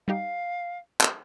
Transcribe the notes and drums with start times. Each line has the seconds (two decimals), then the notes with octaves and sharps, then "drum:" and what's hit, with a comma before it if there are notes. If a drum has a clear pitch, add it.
0.08 G3 D#4 G4 F5
1.01 drum: clap